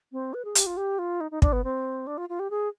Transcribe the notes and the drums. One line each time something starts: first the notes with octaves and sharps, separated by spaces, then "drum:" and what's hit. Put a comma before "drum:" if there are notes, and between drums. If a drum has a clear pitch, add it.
C4
B4
G#4
G4, drum: hi-hat
F4
G4
F4
D#4
D#4
D4, drum: kick
B3
C4
D4
F4
F4
G4
G#4